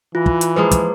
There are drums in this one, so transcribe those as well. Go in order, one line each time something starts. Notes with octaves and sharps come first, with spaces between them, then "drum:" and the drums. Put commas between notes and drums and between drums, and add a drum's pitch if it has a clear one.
E3 F4
drum: kick
drum: hi-hat
F3 G#3 A#3 B4
drum: kick, hi-hat